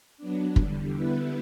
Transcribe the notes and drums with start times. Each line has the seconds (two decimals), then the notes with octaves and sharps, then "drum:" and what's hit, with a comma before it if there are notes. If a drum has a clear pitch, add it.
0.17 F#3 B3 D4
0.56 E2 D3 G3, drum: kick
0.95 D3 G3 B3 E4 B4